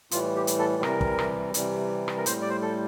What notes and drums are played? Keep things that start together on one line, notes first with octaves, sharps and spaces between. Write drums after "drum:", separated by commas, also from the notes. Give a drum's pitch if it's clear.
A2 E3 G3 F4, drum: hi-hat
G4
drum: hi-hat
A4
C3 E3 G3 A#4, drum: rim click
drum: kick
drum: rim click
C3 E3 G3, drum: hi-hat
drum: rim click
A#4
A2 G3 C5, drum: hi-hat
D5
C5
A4